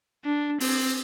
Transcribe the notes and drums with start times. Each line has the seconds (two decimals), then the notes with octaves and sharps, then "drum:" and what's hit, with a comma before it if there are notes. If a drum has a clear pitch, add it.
0.25 D4
0.60 C4, drum: open hi-hat